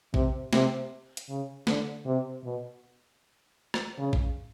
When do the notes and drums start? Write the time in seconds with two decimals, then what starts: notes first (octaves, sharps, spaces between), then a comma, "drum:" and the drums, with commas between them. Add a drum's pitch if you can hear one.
0.14 C3, drum: kick
0.53 C3, drum: snare
1.17 drum: hi-hat
1.29 C#3
1.67 D3, drum: snare
2.06 C3
2.44 B2
3.74 drum: rim click
3.98 C#3
4.13 drum: kick